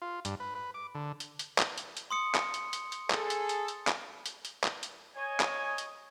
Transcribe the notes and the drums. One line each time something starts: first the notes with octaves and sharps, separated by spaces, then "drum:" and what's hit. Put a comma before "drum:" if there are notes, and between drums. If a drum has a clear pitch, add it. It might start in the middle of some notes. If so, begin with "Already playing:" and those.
F4
G2, drum: hi-hat
B4
B4
D6
D3
drum: hi-hat
drum: hi-hat
drum: clap
drum: hi-hat
drum: hi-hat
C6 D#6 C#7
drum: clap
drum: hi-hat
drum: hi-hat
drum: hi-hat
G#4 A4, drum: clap
drum: hi-hat
drum: hi-hat
drum: hi-hat
drum: clap
drum: hi-hat
drum: hi-hat
drum: clap
drum: hi-hat
C#5 D#5 G#5
drum: clap
drum: hi-hat